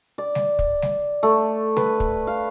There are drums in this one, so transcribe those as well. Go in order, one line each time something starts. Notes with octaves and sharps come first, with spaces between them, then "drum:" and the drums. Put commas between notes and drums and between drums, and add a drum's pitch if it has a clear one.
D5
drum: snare G3
drum: kick
drum: snare G3
A3
B4, drum: snare G3
drum: kick
F5